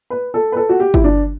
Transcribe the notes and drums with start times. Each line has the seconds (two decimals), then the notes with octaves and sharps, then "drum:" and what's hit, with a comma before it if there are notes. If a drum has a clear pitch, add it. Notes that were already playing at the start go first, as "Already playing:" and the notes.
0.10 B4
0.34 A4
0.52 B4
0.56 A4
0.69 F#4
0.80 G4
0.94 E4, drum: kick
1.04 D4